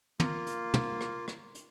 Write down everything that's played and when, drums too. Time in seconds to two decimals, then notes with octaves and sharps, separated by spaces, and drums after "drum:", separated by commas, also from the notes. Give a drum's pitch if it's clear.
0.20 A#3 F4, drum: tom
0.47 drum: hi-hat
0.74 drum: tom
1.01 drum: rim click
1.28 drum: rim click
1.55 drum: hi-hat